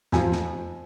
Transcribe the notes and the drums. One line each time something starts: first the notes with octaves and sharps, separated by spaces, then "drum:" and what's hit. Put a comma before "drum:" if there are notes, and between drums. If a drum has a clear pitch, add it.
F2 F3 G#5, drum: snare
drum: snare